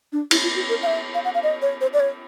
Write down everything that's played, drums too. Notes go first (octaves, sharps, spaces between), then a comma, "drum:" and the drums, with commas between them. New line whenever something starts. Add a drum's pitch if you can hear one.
D4
E4, drum: cymbal
F4
F#4
A#4
F5
E5
F5
F#5
F5
D#5
C#5
C5
D5
C#5